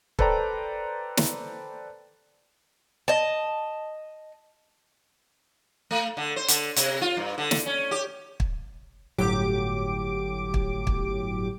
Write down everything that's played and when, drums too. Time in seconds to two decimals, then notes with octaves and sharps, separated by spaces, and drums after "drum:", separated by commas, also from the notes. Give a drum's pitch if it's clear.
0.19 A4 B4 C5 D5 G5 A#5, drum: kick
1.17 drum: snare
3.08 D#5 A5
5.91 A3
6.17 D3
6.36 C5
6.48 D3, drum: hi-hat
6.76 C3, drum: hi-hat
7.01 F4
7.17 G2
7.38 D3
7.51 drum: snare
7.66 C#4
7.91 G4
8.40 drum: kick
9.18 G1 A2 F#3 G4 D6 D7
10.54 drum: kick
10.87 drum: kick